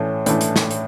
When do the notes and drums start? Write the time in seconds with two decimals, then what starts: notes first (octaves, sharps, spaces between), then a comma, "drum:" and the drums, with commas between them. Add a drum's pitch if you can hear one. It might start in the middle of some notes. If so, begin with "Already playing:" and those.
Already playing: A2 E3 A3 C#4
0.26 A2 E3 A3 C#4, drum: hi-hat
0.41 drum: hi-hat
0.56 drum: snare
0.71 drum: hi-hat